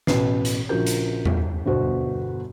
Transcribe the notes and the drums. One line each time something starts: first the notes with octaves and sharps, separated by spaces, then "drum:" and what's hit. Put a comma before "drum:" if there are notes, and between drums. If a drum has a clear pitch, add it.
A1 B2 B4 C7, drum: snare
drum: hi-hat
A#1 C#3 F3 F#4 A#4 G6
drum: hi-hat
drum: tom E2
G1 B2 F#4 C5